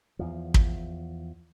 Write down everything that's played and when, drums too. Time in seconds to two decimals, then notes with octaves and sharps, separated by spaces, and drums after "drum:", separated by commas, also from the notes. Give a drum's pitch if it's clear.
0.19 E2 F3
0.54 drum: kick